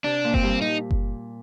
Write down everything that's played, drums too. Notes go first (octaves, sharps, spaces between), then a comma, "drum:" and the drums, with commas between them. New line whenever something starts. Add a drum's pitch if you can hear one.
C3 D4
A#2
C4, drum: kick F#1
G2
D#4
drum: kick F#1